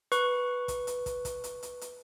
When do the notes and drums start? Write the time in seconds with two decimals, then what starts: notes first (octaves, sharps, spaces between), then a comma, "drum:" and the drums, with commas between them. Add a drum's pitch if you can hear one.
0.12 B4 C#6, drum: hi-hat
0.68 drum: kick, hi-hat
0.87 drum: hi-hat
1.06 drum: kick, hi-hat
1.25 drum: kick, hi-hat
1.44 drum: hi-hat
1.63 drum: hi-hat
1.81 drum: hi-hat